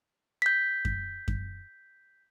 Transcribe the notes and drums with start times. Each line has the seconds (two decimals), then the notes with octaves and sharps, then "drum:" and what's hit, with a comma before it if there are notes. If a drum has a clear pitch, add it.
0.42 G6 B6
0.85 drum: kick F#2
1.28 drum: kick F#2